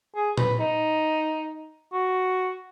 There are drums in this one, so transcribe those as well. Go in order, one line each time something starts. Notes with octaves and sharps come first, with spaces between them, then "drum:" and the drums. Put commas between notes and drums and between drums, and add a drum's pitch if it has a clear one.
G#4
B4, drum: tom A#2
D#4
F#4